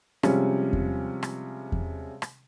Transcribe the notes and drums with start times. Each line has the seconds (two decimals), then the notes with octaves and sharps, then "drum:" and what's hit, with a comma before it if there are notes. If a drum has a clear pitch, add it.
0.23 C3 F3 G3 G#3 C#4, drum: rim click
0.73 drum: kick E2
1.23 drum: rim click
1.72 drum: kick E2
2.22 drum: rim click